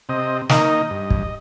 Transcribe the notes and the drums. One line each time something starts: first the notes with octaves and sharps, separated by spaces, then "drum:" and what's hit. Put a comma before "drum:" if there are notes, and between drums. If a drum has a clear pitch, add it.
C3 D#5
D#3 A#3 D#4 D#5, drum: snare
G2
drum: kick